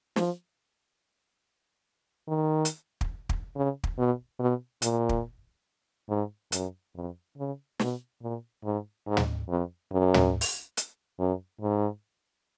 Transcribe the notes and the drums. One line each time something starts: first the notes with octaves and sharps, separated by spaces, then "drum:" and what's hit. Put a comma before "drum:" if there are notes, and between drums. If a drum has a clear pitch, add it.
F3, drum: snare
D#3
drum: hi-hat
drum: kick
drum: kick
C#3
drum: kick
B2
B2
A#2, drum: hi-hat
drum: kick
G#2
F#2, drum: hi-hat
F2
C#3
B2, drum: snare
A#2
G#2
G#2
drum: tom
F2
F#2
drum: tom
drum: open hi-hat
drum: hi-hat
F#2
G#2